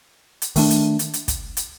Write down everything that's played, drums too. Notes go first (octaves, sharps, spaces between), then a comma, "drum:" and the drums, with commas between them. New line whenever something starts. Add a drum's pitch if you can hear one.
drum: hi-hat
D#3 A3 D4, drum: open hi-hat
drum: hi-hat
drum: hi-hat
drum: hi-hat
drum: kick, hi-hat
drum: hi-hat